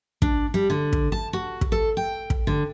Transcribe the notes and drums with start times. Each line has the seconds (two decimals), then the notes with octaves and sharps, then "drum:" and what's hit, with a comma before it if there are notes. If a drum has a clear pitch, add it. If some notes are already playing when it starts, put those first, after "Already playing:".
0.22 D4, drum: kick
0.54 G3
0.70 D3
0.93 drum: kick
1.12 A5
1.33 F#4
1.61 drum: kick
1.72 A4
1.97 G5
2.30 drum: kick
2.47 D3